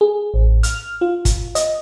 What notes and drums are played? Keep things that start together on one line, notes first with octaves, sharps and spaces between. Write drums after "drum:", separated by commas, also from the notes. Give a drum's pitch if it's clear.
G#4
A1
F6, drum: hi-hat
F4
drum: kick, hi-hat
D#5, drum: hi-hat